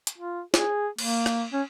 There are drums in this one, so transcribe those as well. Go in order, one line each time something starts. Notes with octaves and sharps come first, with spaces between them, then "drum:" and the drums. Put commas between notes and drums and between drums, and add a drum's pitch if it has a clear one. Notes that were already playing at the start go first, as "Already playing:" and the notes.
drum: hi-hat
F4
G#4, drum: snare
A#3, drum: cymbal
drum: rim click
C#4